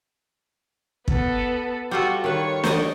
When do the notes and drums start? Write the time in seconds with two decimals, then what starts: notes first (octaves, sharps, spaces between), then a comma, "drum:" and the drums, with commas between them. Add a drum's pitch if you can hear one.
1.08 B3 A4, drum: kick
1.91 G3 F4 F#4 A4
2.24 D#3 B4 C#5
2.64 C5 D5 D#5, drum: snare